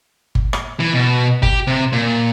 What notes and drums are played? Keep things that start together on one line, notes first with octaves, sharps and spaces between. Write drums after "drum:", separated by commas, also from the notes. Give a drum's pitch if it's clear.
drum: kick G1
drum: rim click
E3
B2
G4, drum: kick G1
C3
A#2